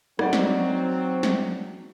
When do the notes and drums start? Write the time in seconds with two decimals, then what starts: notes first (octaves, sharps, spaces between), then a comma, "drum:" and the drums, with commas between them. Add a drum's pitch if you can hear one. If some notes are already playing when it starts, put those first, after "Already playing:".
0.19 F#3 C4 D#4 F#4 D5, drum: rim click
0.33 drum: snare
1.23 drum: snare